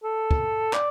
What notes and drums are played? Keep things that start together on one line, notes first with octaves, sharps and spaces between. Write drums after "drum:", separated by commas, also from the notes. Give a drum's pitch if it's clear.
A4
drum: kick
D5, drum: clap